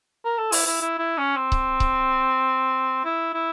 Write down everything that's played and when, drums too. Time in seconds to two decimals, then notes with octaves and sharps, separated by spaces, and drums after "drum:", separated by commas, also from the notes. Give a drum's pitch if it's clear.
0.25 A#4
0.38 A4
0.52 E4, drum: open hi-hat
0.67 E4
0.81 E4
0.99 E4
1.18 C#4
1.37 C4
1.52 drum: kick C#1
1.80 drum: kick C#1
3.05 E4
3.34 E4